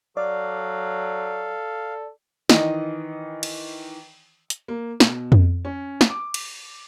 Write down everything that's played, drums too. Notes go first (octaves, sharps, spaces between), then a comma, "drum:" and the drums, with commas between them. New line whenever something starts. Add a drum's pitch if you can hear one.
F#3 A4 D5 F5
D#3 E3 D#5, drum: snare
drum: cymbal
drum: hi-hat
A#3
B2, drum: snare
drum: tom F2
C#4
drum: snare
D6
drum: cymbal